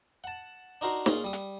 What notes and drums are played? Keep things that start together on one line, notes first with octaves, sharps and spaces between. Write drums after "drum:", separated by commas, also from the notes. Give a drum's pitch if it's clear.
F#5 A5
D4 D#4 F#4 A#4 C5
A#2 C#4 F4 G#4, drum: snare
G3 D#6
drum: hi-hat